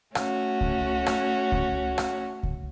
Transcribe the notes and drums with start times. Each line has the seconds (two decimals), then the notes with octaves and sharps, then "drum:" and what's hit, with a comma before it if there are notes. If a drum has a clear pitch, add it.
0.15 A3 C#4 F#4, drum: rim click
0.61 drum: kick C#2
1.06 drum: rim click
1.52 drum: kick C#2
1.98 drum: rim click
2.43 drum: kick C#2